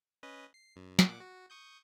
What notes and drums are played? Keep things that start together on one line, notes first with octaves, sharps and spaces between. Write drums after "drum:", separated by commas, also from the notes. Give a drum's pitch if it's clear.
C#4 B4 D#5
C7
F#2
drum: snare
A#2 F#5 D6
F#4
C#6 D#6 G6